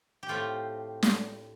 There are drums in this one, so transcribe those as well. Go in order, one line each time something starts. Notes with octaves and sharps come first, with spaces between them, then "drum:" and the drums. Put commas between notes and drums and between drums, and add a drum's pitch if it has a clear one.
G4
A2 A3 C4 F4
drum: snare